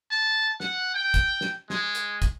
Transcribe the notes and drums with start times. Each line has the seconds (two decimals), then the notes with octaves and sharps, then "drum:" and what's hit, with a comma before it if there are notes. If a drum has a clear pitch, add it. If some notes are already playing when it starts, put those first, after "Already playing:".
0.11 A5
0.60 F#5, drum: snare
0.94 G5
1.14 drum: kick, hi-hat
1.41 drum: snare
1.70 G#3, drum: snare
1.95 drum: hi-hat
2.22 drum: kick, hi-hat